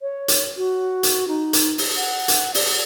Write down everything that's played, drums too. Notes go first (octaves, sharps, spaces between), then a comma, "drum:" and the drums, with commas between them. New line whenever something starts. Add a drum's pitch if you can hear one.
C#5
drum: hi-hat
F#4
drum: hi-hat
D#4
drum: hi-hat
drum: open hi-hat
F#5
drum: hi-hat
D5, drum: open hi-hat